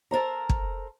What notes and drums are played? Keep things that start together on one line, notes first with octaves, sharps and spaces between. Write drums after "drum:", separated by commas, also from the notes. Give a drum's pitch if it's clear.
A4 A#4 C5 A#5
drum: kick